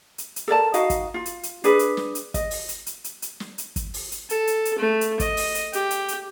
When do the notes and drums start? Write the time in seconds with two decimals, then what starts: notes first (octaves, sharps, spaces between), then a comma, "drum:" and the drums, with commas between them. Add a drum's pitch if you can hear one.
0.18 drum: hi-hat
0.36 drum: hi-hat
0.48 A4 A#4 D5 A5
0.74 D#4 F#4 D#5 F5, drum: hi-hat
0.90 drum: kick, hi-hat
1.14 F4
1.26 drum: hi-hat
1.43 drum: hi-hat
1.64 D4 G#4 B4, drum: hi-hat
1.79 drum: hi-hat
1.97 drum: snare
2.15 drum: hi-hat
2.34 D#5, drum: kick, hi-hat
2.51 drum: open hi-hat
2.69 drum: hi-hat
2.86 drum: hi-hat
3.04 drum: hi-hat
3.22 drum: hi-hat
3.40 drum: snare
3.58 drum: hi-hat
3.76 drum: kick, hi-hat
3.94 drum: open hi-hat
4.12 drum: hi-hat
4.30 A4, drum: hi-hat
4.47 drum: hi-hat
4.65 drum: hi-hat
4.79 A3
5.01 drum: hi-hat
5.20 D#5, drum: kick, hi-hat
5.37 drum: open hi-hat
5.55 drum: hi-hat
5.73 G4, drum: hi-hat
5.90 drum: hi-hat
6.08 drum: hi-hat